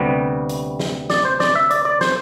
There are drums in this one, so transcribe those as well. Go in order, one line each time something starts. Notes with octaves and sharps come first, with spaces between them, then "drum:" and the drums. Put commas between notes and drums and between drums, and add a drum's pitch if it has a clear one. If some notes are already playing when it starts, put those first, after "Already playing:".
Already playing: D2 C3 G3 B3
drum: hi-hat
drum: snare
D5, drum: snare
C5
D5, drum: snare
E5
D5, drum: hi-hat
D5
C5, drum: snare